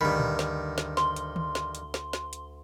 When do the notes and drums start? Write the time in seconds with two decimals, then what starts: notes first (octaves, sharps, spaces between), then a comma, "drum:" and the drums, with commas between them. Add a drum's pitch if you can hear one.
0.01 D2 G2 D#3 B5
0.20 drum: tom A#2
0.39 drum: snare
0.78 drum: snare
0.97 C6, drum: snare
1.16 drum: hi-hat
1.36 drum: tom D#3
1.55 drum: snare
1.75 drum: hi-hat
1.94 drum: snare
2.13 drum: snare
2.33 drum: hi-hat